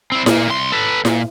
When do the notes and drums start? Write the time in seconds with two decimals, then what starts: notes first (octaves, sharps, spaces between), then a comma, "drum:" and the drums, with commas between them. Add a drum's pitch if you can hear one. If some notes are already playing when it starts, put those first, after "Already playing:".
0.12 C4 E4
0.26 A#2 A#3, drum: snare E4
0.49 C2 C6
0.72 A4 B4
1.05 A#2, drum: snare E4